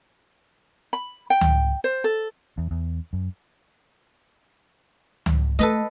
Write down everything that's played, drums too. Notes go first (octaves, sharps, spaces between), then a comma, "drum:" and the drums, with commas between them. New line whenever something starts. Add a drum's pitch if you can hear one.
B5
G5
drum: tom C#2
C5
A4
E2
E2
F#2
drum: tom C#2
A3 A4 B4 D#5